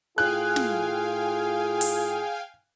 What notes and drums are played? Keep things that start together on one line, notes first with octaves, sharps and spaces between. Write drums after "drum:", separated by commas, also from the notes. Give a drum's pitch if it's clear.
A2 F4 G#4 F5 G5 G#5 F#6
drum: snare
drum: open hi-hat